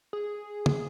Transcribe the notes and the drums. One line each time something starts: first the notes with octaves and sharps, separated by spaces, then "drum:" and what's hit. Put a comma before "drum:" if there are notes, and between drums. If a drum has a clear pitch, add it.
G#4
drum: tom